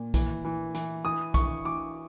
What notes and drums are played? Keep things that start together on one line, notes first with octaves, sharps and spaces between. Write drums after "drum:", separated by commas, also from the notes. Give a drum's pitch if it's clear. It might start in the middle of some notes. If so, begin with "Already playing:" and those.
Already playing: A#2
E3, drum: kick, hi-hat
E3
E3, drum: hi-hat
E3 D#6
E3 C#6, drum: kick, hi-hat
E3 D6